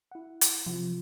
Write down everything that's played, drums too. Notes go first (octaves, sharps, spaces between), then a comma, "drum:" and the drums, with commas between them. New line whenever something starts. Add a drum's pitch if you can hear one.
E4 F#5
drum: hi-hat
C3 F3 F4